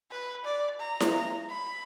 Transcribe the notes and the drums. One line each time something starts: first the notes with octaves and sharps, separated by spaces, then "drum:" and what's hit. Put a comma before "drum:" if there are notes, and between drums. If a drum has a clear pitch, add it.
B4
D5
A#5
drum: snare E4
B5